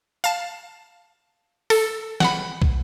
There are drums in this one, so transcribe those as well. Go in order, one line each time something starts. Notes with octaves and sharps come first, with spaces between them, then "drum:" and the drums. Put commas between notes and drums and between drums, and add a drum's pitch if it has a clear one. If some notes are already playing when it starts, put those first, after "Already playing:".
F5 A5, drum: tambourine
A4, drum: open hi-hat
F#5 B5, drum: snare
drum: kick